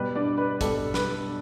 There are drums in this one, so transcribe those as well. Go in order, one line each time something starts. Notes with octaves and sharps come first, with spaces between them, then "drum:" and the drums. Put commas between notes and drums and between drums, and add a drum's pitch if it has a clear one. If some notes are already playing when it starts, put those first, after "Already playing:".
Already playing: B2 G3 B4
D4 D5
B4
B2 G3 A4, drum: kick A1, hi-hat
B4, drum: snare